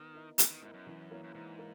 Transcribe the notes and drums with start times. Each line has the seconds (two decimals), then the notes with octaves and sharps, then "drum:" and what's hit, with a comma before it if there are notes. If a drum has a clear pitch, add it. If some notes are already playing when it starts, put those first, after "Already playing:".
Already playing: D#3 B3
0.14 E4 A#4 D#5
0.38 B3, drum: hi-hat
0.50 D#3
0.62 G#2 E4 A#4 D#5
0.74 F#2
0.87 E3
1.11 A#3 E4 A#4 C#5
1.24 F#2
1.35 G#2 E3
1.59 A#3